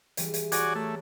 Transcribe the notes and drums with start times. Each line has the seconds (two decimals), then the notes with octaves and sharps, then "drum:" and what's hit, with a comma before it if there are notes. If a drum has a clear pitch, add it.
0.17 E3 G3 G#3, drum: hi-hat
0.34 drum: hi-hat
0.52 F#4 C#5 D5 G#5 A#5, drum: hi-hat
0.75 A3